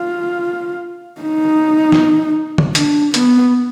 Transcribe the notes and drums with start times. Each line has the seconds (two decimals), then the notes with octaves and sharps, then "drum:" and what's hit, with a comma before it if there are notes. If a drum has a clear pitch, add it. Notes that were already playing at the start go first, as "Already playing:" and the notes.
Already playing: F4
1.21 D#4
1.92 drum: snare
2.58 drum: tom D3
2.75 D4, drum: hi-hat
3.14 B3, drum: hi-hat